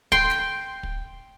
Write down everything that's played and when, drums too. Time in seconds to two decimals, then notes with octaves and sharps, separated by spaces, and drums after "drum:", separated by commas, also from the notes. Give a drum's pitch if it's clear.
0.12 G5 C6, drum: kick
0.30 drum: snare
0.83 drum: kick